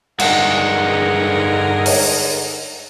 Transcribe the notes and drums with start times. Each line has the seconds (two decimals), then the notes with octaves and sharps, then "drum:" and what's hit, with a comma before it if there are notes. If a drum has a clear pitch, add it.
0.19 G2 D3 G#3 D#4 G#4 A#4 F#5, drum: cymbal
1.86 drum: open hi-hat